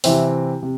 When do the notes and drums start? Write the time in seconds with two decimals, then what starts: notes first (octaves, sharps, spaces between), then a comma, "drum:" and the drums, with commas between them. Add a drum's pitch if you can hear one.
0.04 C3 E3 C4 E5, drum: open hi-hat
0.63 C3